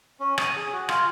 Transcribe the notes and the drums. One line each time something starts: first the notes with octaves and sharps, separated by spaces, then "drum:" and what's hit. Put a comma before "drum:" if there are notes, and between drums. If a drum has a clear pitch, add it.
C#4
D#6, drum: rim click
G#4
F#4
F4, drum: rim click